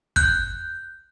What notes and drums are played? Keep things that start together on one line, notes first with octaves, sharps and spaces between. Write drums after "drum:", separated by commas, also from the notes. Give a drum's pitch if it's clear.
F#6 G6, drum: kick